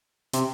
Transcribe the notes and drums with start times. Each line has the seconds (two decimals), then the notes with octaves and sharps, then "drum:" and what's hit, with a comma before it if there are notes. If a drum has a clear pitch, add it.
0.33 C3, drum: hi-hat